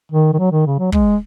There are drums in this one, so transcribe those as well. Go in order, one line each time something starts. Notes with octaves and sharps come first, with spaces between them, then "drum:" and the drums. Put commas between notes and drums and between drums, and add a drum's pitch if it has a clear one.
D#3
D#3
F#3
D#3
C#3
F#3
G#3, drum: kick